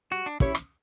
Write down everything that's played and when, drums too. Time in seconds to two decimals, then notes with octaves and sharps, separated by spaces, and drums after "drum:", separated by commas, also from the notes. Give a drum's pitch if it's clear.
0.11 G3 F#4
0.26 D4
0.40 C#4 E4 G4 C#5, drum: kick
0.55 drum: rim click